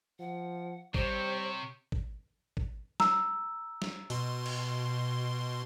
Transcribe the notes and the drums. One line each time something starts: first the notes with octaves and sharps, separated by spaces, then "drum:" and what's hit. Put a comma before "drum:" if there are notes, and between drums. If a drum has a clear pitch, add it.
F3 F#5
C3 G3 G4 C5 C#5 C#6, drum: kick
drum: kick
drum: kick
A#5 E6, drum: snare
drum: snare
B2 C6, drum: open hi-hat
drum: cymbal